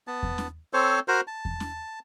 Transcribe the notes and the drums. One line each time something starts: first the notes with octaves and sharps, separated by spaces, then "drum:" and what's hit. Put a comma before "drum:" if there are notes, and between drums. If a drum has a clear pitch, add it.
B3 A5
drum: kick E2
drum: snare
C4 A4 C5 C#5
F#4 A#4 C5
A5
drum: kick E2
drum: snare